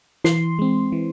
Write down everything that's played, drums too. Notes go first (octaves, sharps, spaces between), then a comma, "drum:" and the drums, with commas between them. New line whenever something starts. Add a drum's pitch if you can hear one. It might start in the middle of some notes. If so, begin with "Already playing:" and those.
E3 C6, drum: snare
G#3 C4
E3